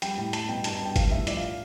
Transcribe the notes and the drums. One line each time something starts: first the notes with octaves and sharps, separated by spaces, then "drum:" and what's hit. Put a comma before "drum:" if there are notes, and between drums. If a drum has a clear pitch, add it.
G3 G5, drum: hi-hat
A2 G5
G3 A5, drum: hi-hat
B2 G5
G2 A5, drum: hi-hat
A5
G2
G5
G3 F5, drum: kick, hi-hat
A2 E5
F3 D5, drum: hi-hat
F5